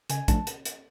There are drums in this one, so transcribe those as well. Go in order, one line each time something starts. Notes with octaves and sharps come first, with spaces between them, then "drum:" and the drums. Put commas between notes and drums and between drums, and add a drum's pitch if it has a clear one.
C#3 G#5, drum: hi-hat
F3 A3 D4 A5, drum: kick, hi-hat
drum: hi-hat
drum: hi-hat